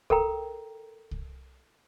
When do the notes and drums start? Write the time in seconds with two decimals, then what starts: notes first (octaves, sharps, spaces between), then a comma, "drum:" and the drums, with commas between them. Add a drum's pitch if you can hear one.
0.10 A4 A#4 G5 A#5, drum: kick C2
1.11 drum: kick C2